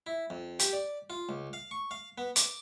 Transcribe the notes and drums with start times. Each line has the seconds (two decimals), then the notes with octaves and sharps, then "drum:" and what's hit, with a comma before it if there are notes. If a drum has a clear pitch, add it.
0.07 E4
0.30 F2
0.59 G4, drum: hi-hat
0.73 D5
1.10 F4
1.29 C#2
1.53 F5
1.71 C#6
1.91 F5
2.18 B3
2.36 D6, drum: hi-hat